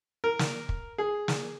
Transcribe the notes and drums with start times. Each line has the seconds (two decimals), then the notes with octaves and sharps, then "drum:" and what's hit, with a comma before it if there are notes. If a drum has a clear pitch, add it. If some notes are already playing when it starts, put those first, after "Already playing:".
0.24 A#4
0.39 drum: snare
0.69 drum: kick
0.98 G#4
1.28 drum: snare